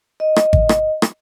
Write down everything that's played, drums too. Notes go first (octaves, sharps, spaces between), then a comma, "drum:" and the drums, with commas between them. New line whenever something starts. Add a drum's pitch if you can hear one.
D#5
drum: rim click
drum: kick G#1
drum: rim click
drum: rim click